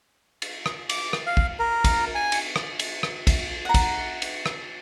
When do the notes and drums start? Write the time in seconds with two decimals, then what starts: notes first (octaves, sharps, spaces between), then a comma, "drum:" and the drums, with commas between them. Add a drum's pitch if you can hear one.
0.42 drum: cymbal
0.66 drum: rim click
0.89 D6, drum: cymbal
1.13 drum: rim click
1.26 F5
1.37 drum: kick
1.59 A#4
1.84 drum: kick, cymbal
2.15 G#5
2.32 drum: cymbal
2.56 drum: rim click
2.79 drum: cymbal
3.03 drum: rim click
3.27 drum: kick, cymbal
3.65 F#5 A#5
3.74 drum: kick, cymbal
4.22 drum: cymbal
4.46 drum: rim click